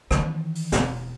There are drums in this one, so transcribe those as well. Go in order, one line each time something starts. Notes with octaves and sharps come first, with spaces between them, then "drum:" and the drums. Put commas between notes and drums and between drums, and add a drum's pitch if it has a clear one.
D#3 E3, drum: rim click
drum: open hi-hat
E1, drum: snare